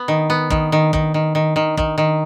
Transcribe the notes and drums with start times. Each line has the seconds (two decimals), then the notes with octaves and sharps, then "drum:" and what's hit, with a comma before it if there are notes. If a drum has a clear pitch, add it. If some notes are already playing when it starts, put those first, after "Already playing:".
Already playing: B3
0.08 D#3
0.30 B3
0.51 D#3, drum: kick
0.72 D#3
0.93 D#3, drum: kick
1.14 D#3
1.35 D#3
1.56 D#3
1.78 D#3, drum: kick
1.98 D#3